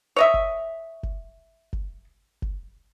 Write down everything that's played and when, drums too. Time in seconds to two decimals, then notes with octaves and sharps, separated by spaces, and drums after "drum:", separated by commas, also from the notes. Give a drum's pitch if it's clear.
0.16 C#5 D#5 E5
0.34 drum: kick F#1
1.03 drum: kick F#1
1.73 drum: kick F#1
2.42 drum: kick F#1